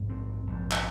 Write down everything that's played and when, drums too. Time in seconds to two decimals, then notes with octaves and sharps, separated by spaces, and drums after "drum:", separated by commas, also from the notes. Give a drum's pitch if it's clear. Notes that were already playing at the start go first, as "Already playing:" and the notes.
Already playing: A#1 G#2
0.09 C4
0.47 A#1 G#2
0.71 drum: clap